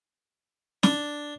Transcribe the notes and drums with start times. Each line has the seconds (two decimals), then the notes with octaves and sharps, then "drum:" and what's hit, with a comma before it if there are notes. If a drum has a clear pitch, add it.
0.83 D4, drum: snare